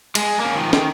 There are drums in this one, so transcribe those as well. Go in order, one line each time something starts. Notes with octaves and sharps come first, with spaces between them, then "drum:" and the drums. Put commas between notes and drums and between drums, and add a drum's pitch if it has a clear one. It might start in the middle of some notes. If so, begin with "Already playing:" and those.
G#3, drum: cymbal
A#3 C#4
D#3 F3
D#3, drum: snare